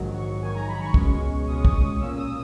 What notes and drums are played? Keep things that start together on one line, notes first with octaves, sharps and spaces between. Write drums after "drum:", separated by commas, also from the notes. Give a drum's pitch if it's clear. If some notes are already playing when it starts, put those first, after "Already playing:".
Already playing: A#1 G#2 D#3 F#3
C#6
A#1 G#2 D#3 F#3 G#5
A#5
B5
C#6
C#2 B2 G#3 C#4, drum: kick
C#2 B2 G#3 C#4 D#6
D#6, drum: kick
D#6
B1 A#2 A#3 C#4 E6
D#6